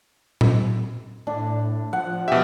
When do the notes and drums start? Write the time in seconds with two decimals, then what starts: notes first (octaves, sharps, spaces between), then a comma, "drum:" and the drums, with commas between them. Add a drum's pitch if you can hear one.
0.41 drum: tom A#2
1.27 A2 D4
1.93 F3 F#5
2.28 B2 G4 E5